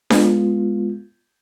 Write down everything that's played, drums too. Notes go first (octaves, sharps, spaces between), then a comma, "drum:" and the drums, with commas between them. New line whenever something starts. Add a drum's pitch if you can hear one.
G#3 B3 F4, drum: snare D4